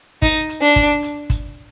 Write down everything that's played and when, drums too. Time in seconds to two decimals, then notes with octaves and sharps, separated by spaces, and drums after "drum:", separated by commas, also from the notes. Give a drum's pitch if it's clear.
0.22 D#4, drum: kick, hi-hat
0.49 drum: hi-hat
0.62 D4
0.76 drum: kick, hi-hat
1.03 drum: hi-hat
1.30 drum: kick, hi-hat